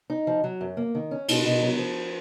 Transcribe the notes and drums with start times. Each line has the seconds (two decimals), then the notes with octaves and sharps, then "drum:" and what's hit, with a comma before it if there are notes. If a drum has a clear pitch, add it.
0.10 D#4
0.27 F3
0.44 F#3
0.61 F#2
0.77 A#3
0.95 D#3
1.11 C#4
1.28 B2, drum: cymbal
1.45 B2
1.62 F#3
1.79 F3